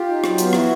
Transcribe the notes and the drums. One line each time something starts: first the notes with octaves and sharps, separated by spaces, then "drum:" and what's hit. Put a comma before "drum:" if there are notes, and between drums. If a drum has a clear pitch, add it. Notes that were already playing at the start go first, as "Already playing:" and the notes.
Already playing: F4 G4
D#4
F#3, drum: rim click
B3, drum: hi-hat
F3 E4 F#4, drum: rim click